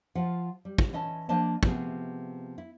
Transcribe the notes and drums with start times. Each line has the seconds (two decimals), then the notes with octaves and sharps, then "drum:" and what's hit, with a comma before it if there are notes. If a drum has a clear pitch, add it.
0.15 F3 F4 F#5
0.65 G3
0.78 drum: kick
0.93 E3 C#4 D#5 A5
1.29 F3 A#3 D4 D#5 A5
1.63 C3 F3 A3 B3 G#4, drum: kick
2.58 E4